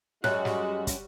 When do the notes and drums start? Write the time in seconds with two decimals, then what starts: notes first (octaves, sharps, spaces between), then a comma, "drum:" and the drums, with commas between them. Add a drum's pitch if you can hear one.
0.24 F#2 G3 G#3 F#4 F#6, drum: snare
0.45 drum: snare
0.87 drum: kick, hi-hat